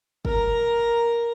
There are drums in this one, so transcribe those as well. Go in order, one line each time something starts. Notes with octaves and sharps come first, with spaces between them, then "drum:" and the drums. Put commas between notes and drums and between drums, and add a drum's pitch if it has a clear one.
A#4 A#5, drum: kick